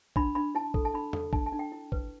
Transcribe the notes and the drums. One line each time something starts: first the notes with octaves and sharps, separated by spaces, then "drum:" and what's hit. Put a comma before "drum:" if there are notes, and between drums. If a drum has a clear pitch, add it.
D4 B5, drum: kick
D4 B5
E4 A5
A4, drum: kick
A5
D4 B5
A4, drum: tom E2
D4 A5, drum: kick
A5
D4
G5
E4
B4, drum: kick